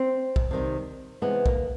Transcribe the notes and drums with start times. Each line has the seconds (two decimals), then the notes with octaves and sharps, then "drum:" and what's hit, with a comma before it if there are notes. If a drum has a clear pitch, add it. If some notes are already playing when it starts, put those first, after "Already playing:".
Already playing: C4
0.36 drum: kick
0.51 C3 D#3 G3
1.22 C3 E3 G#3 B3
1.46 A#3, drum: kick